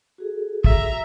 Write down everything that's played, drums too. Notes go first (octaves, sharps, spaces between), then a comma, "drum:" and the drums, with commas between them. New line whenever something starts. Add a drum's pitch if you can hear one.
F#4 G#4 A4
E5 A#5, drum: kick